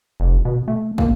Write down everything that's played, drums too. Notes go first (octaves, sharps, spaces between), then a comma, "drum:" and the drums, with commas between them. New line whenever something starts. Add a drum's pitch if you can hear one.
F1
B2
A3
A#3, drum: kick